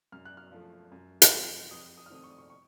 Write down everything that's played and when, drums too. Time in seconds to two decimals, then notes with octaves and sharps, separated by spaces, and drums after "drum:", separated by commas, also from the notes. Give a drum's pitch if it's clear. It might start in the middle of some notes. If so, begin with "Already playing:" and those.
0.12 F#2 F6
0.25 F#6
0.37 F6
0.52 F3 A3
0.92 F#2
1.22 drum: hi-hat
1.32 F3 C4
1.71 F2 D#6
1.97 D#6
2.06 F6
2.10 D#3 A3 C4 D#6
2.24 C#6
2.30 D#6
2.38 C#6
2.50 C#6